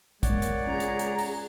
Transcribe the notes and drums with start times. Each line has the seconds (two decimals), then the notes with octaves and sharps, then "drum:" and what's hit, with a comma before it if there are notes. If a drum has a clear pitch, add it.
0.23 G#3 A#3 C#5 D5 F#5, drum: kick, hi-hat
0.42 drum: hi-hat
0.66 C#2 G#4 A#5
0.80 drum: hi-hat
0.99 drum: hi-hat
1.18 drum: open hi-hat